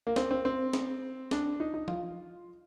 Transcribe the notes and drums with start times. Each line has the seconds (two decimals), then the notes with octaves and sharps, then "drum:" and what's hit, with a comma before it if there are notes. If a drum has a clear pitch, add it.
0.07 A#3
0.16 C4, drum: snare
0.31 C4
0.45 C4
0.73 drum: snare
1.31 D4, drum: snare
1.60 D#4
1.74 D#4
1.88 F4, drum: tom F3